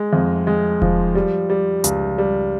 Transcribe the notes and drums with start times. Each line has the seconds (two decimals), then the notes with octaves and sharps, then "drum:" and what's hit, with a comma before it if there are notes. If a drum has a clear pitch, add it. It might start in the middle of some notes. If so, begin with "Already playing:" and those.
Already playing: G#3
0.13 F2
0.47 G#3
0.82 F3, drum: kick E1
1.15 G3
1.50 G3
1.84 C#2, drum: hi-hat
2.18 G3